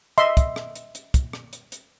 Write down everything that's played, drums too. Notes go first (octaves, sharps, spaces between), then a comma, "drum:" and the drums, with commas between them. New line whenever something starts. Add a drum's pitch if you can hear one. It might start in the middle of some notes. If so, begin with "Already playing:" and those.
D#5 E5 C6, drum: hi-hat
drum: kick, hi-hat
drum: rim click
drum: hi-hat
drum: hi-hat
drum: kick, hi-hat
drum: rim click
drum: hi-hat
drum: hi-hat